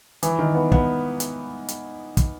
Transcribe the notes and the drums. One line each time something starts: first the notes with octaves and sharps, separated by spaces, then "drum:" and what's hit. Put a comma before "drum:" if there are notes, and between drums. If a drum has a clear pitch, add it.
E3, drum: hi-hat
D#3
B3
B3, drum: kick
drum: hi-hat
drum: hi-hat
drum: kick, hi-hat